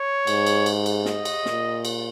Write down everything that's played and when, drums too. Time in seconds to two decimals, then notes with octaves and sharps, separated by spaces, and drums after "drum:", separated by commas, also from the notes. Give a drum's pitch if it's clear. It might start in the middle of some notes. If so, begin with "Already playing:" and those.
Already playing: C#5
0.27 G#2, drum: cymbal
0.46 drum: cymbal
0.66 drum: cymbal
0.86 drum: cymbal
1.05 D#5, drum: snare
1.25 drum: cymbal
1.46 A#2, drum: snare
1.85 drum: cymbal